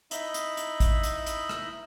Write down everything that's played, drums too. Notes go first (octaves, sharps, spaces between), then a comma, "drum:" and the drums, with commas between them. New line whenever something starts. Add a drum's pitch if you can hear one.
D#4 E4 D#5 E5 B5, drum: hi-hat
drum: hi-hat
drum: hi-hat
drum: kick, hi-hat
drum: hi-hat
drum: hi-hat
drum: rim click